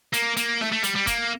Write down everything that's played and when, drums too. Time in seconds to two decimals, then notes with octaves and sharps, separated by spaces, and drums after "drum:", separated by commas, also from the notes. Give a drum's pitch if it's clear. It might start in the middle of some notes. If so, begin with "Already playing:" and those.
0.14 A#3, drum: hi-hat
0.37 A#3, drum: hi-hat
0.61 A3, drum: snare
0.72 A3
0.84 G3, drum: hi-hat
0.96 G3
1.07 A#3, drum: kick, hi-hat